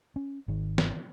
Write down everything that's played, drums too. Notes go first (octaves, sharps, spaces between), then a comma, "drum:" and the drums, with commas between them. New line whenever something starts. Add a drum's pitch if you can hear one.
C#4
G#1 D#3
drum: snare